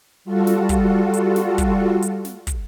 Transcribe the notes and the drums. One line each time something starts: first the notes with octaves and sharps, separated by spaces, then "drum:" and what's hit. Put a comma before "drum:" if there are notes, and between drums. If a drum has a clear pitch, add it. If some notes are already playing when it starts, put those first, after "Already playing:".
G3 F4 F#4 A4
drum: snare
drum: kick, hi-hat
drum: hi-hat
drum: snare
drum: kick, hi-hat
drum: hi-hat
drum: snare
drum: kick, hi-hat